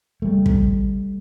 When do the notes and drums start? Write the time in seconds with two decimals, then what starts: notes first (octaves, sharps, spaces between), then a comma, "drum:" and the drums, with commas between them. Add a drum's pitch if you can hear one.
0.22 G3 A3
0.46 drum: kick